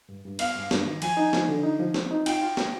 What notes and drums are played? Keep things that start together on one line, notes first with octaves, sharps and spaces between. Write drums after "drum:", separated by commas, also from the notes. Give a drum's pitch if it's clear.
G2
G2
B3 F5, drum: cymbal
G2
G2, drum: snare
D#3
F3 G#5, drum: cymbal
D#4
F3, drum: snare
D3
D#4
F3
C4, drum: snare
D#4
F4 G5, drum: cymbal
F4
drum: snare